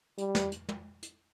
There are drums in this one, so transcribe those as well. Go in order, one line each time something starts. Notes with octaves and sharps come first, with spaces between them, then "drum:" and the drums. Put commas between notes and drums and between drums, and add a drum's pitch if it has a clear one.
G3, drum: hi-hat
drum: snare
drum: hi-hat
drum: tom
drum: hi-hat